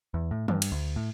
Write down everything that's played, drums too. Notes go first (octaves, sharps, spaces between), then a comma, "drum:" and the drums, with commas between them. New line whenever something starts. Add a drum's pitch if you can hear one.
E2
A2
G2, drum: tom D#3
drum: cymbal
D2
A2